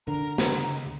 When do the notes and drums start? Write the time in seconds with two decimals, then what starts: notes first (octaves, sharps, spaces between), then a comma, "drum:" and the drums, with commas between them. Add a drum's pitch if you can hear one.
0.08 D3 A#4 A#5
0.38 C#2, drum: snare